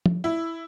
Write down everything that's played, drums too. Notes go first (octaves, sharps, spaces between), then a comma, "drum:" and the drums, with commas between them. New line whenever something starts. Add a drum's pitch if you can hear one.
drum: tom
E4